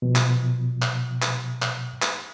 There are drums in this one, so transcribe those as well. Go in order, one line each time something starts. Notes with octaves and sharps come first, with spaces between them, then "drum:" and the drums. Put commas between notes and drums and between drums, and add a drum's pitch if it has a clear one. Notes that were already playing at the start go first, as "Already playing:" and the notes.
B2 F3
drum: clap
drum: clap
drum: clap
drum: clap
drum: clap